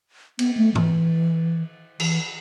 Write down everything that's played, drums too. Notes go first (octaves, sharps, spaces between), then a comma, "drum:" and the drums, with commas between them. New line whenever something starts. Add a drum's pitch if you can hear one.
B3, drum: cymbal
A3
E3, drum: tom G#2
E3, drum: cymbal